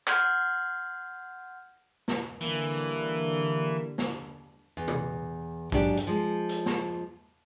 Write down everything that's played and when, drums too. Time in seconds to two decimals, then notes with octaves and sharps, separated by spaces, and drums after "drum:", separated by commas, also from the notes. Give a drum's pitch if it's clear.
0.07 F#5 C6 F6 G6 G#6, drum: clap
2.08 drum: snare
2.41 D3 E3 G3 A#3
3.98 drum: snare
4.77 E2
4.88 drum: tom B2
5.72 G#2 F#3 D4 G4, drum: kick A1
5.97 drum: hi-hat
6.07 F3 G#3
6.49 drum: hi-hat
6.66 drum: snare